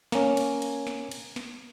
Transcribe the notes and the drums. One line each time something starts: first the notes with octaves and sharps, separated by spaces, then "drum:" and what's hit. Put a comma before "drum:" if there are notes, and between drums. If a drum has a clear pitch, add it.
A#3 C#4, drum: snare
drum: cymbal
drum: cymbal
drum: snare
drum: cymbal
drum: snare